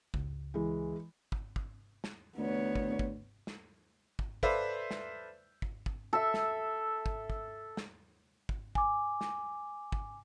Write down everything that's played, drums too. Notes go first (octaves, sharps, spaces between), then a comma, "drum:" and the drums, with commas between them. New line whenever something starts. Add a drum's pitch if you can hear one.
C#2, drum: kick
E3 G#3
drum: kick
drum: kick
drum: snare
D2 B3 C#5
drum: kick
drum: kick
drum: snare
drum: kick
A4 B4 C5 D5 E5 F5, drum: kick
drum: snare
drum: kick
drum: kick
A4 E5
drum: snare
drum: kick
drum: kick
drum: snare
drum: kick
G#5 D6, drum: kick
drum: snare
drum: kick